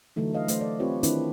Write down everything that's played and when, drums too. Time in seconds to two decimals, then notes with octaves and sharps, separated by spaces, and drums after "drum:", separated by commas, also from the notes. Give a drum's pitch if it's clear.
0.16 D3 E3 F#3 A3 D#4
0.34 B4 D#5 F5
0.48 A3 C5, drum: hi-hat
0.61 D5
0.80 C4 F4 G4 B4 C#5
1.03 D#3 C4 D4 E4 B4, drum: hi-hat